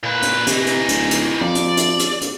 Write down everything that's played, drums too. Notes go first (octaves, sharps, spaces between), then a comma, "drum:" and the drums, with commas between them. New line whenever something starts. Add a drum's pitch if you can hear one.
A#2 B4
drum: hi-hat
C3 E3 D#4, drum: hi-hat
drum: hi-hat
D1, drum: hi-hat
drum: hi-hat
F2 D5
drum: hi-hat
drum: hi-hat
drum: hi-hat
drum: hi-hat